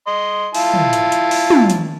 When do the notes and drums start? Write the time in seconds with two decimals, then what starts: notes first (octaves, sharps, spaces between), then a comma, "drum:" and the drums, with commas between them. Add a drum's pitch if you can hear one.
0.07 D#5 C6
0.55 E4 F4 A5, drum: open hi-hat
0.74 drum: tom
0.93 drum: hi-hat
1.12 drum: hi-hat
1.31 drum: open hi-hat
1.50 drum: tom
1.70 drum: hi-hat